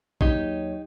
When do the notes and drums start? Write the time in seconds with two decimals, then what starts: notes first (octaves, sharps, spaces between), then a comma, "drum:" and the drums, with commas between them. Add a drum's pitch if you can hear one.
0.21 D#2 F#3 D#4 G4 C#5, drum: kick